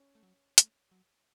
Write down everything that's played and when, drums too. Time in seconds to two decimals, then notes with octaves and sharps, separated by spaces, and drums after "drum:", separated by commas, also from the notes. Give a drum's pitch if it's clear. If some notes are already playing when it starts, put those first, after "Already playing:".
Already playing: C#4
0.15 A3
0.23 F#3
0.58 A3, drum: hi-hat
0.91 F#3